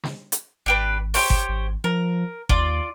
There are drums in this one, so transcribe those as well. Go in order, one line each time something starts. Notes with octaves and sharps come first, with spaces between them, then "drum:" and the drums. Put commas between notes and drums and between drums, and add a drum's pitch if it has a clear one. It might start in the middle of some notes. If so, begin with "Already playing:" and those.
drum: snare
drum: hi-hat
G#1 D4 G4 B4
G4 C5 C#5, drum: open hi-hat
drum: kick G1
G#1
F3 A#4
D#2 F4 D5, drum: kick G1